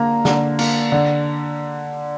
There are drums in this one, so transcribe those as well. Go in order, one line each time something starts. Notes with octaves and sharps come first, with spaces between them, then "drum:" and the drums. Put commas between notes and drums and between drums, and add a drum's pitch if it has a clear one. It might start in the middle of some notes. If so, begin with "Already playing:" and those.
Already playing: D3 A#3 A#5
D3, drum: snare
A#3, drum: cymbal
D3